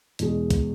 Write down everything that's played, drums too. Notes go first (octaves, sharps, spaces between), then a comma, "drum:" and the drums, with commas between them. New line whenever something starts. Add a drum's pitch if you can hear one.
E2 B2 G#3, drum: hi-hat
drum: kick B1, hi-hat